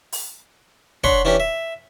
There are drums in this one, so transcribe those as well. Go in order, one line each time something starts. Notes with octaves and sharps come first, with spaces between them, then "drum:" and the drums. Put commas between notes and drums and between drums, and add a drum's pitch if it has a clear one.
drum: open hi-hat
D4 C#5 F#5 B5 C6, drum: kick
E3 C#4 D4 G4
E5